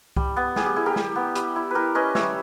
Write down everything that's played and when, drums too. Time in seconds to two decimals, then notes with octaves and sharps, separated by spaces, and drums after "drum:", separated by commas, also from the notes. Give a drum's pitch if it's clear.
0.16 G3, drum: kick C2
0.36 B3
0.56 G3 G#4, drum: snare
0.66 G4
0.76 E4 G#4
0.86 G4 A#4
0.96 G3, drum: snare
1.16 B3
1.35 G3, drum: hi-hat
1.56 E4
1.71 G3 G4 A#4 B4
1.95 C#4 B4 D#5
2.15 G3 C#5 E5, drum: snare